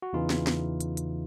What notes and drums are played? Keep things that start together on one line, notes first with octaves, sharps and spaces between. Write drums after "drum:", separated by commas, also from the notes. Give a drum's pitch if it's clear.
F#4
E2 C#3 E3 D#4 F4
drum: snare
drum: snare
drum: hi-hat
drum: hi-hat